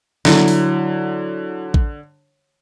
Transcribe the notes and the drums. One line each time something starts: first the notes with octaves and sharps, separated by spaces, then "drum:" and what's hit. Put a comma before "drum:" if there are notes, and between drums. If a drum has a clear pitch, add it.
D3 F#3 E4, drum: snare
drum: open hi-hat
drum: kick A1